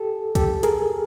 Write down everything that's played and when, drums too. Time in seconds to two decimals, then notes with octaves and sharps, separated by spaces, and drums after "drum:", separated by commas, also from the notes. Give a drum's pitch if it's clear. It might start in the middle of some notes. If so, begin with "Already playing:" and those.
Already playing: G4 A4
0.35 G4 A4, drum: kick, hi-hat
0.63 G#4 A#4, drum: hi-hat